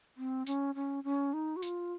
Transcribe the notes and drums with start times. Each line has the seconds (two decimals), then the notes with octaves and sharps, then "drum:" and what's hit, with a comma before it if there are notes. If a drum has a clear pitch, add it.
0.17 C4
0.46 C#4, drum: hi-hat
0.75 C#4
1.04 C#4
1.33 D#4
1.56 F#4
1.62 F4, drum: hi-hat